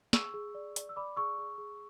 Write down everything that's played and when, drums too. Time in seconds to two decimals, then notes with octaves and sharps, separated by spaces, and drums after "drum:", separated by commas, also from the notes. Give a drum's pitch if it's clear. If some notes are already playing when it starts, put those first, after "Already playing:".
0.13 G#4 C#6 E6, drum: snare
0.34 G#4
0.55 D5
0.76 D5, drum: hi-hat
0.89 E6
0.96 D5 B5 D6
1.16 G#4 C#6 E6
1.38 G#4
1.58 G#4